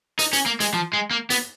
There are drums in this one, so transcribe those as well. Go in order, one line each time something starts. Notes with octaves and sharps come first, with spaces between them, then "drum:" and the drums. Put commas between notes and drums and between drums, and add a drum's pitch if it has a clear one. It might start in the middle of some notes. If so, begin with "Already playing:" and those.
D#4, drum: hi-hat
C#4, drum: hi-hat
A#3
G#3, drum: hi-hat
F3
G#3
A#3
B3, drum: hi-hat